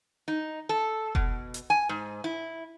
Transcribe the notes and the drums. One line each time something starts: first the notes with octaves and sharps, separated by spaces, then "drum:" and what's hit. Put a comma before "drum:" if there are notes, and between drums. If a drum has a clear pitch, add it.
D#4
A4
B2, drum: kick F1
drum: hi-hat
G#5
G#2
E4